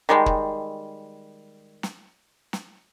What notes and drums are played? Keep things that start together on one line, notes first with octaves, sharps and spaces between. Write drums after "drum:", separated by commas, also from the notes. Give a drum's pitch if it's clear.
D#3 G3 G#3
drum: kick
drum: snare
drum: snare